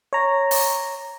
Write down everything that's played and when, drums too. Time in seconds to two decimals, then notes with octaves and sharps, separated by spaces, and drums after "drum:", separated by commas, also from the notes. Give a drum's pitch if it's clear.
0.13 C#5 A#5
0.51 drum: open hi-hat